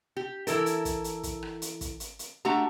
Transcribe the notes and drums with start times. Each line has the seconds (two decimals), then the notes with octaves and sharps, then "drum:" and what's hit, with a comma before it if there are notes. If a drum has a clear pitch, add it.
0.16 G4
0.47 E3 E4 A4 A#4, drum: hi-hat
0.66 drum: hi-hat
0.85 drum: kick, hi-hat
1.04 drum: hi-hat
1.23 drum: kick, hi-hat
1.43 drum: rim click
1.62 drum: hi-hat
1.81 drum: kick, hi-hat
2.00 drum: hi-hat
2.19 drum: hi-hat
2.45 A3 D4 F#4 G4 A#5